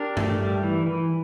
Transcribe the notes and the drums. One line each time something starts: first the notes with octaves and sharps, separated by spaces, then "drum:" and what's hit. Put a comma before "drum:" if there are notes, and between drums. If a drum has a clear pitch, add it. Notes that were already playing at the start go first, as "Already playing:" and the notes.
Already playing: D4 G4 A#4
A3, drum: tom G2
G3
E3
E3